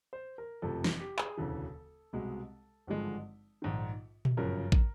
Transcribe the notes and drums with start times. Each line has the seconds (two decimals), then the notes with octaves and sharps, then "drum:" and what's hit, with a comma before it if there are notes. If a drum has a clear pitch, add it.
0.13 C5
0.38 A#4
0.62 F#1 F2 C3 F3 A3 A4
0.84 drum: snare
1.00 G4
1.19 G#4, drum: clap
1.37 E1 D2 C#3 E3 A4
2.13 C2 B2 G#3
2.87 G#1 G2 D3 F3 G#3
3.62 A#1 G#2 D#3
4.25 drum: tom A#2
4.37 G1 F#2 C#3 F3 A#4
4.72 drum: kick